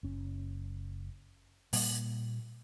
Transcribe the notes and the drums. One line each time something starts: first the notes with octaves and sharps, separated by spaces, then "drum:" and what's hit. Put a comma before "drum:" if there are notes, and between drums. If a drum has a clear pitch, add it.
F#1 C#4
A#2 G3 A#3, drum: open hi-hat